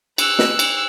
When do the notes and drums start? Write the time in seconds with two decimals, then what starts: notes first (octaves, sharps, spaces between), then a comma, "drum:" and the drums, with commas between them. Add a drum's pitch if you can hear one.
0.18 E6 F#6, drum: cymbal
0.39 drum: snare
0.59 drum: cymbal